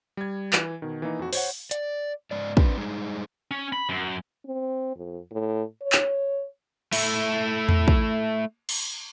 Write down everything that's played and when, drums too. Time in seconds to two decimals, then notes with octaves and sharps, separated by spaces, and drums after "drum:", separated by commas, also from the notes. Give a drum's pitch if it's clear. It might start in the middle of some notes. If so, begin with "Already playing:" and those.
0.17 G3 G#6
0.53 E3, drum: clap
0.82 B2 D#3
1.02 E3 A#3 D#4
1.19 F2 F#4
1.33 C5 C#5 F#5, drum: open hi-hat
1.71 D5, drum: hi-hat
2.31 G#2 G#3 D5
2.57 C4 D4 B4, drum: kick
2.77 G3 G#3 D#4 G#4
3.51 C#4
3.73 B5
3.89 F#2
4.46 C4
4.97 F2
5.31 A2
5.82 C#5
5.92 drum: clap
6.93 A3 E4, drum: cymbal
7.69 drum: tom E2
7.88 drum: kick
8.69 drum: cymbal